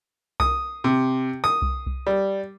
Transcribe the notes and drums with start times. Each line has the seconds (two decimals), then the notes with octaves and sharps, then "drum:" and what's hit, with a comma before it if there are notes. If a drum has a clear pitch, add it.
0.40 D#6, drum: kick C2
0.84 C3
1.44 D#6
1.62 drum: kick C2
1.86 drum: kick C2
2.07 G3